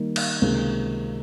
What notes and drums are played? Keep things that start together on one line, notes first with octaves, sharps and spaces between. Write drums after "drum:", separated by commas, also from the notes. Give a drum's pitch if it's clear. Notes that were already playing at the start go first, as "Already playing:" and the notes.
Already playing: D#3 G3 A#3
drum: cymbal
C#2 C3 D#3 A#3